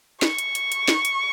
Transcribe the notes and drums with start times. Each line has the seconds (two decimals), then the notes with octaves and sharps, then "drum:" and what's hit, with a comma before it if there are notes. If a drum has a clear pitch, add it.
0.22 C#6, drum: snare
0.39 drum: hi-hat
0.55 drum: hi-hat
0.72 drum: hi-hat
0.88 drum: snare
1.05 drum: hi-hat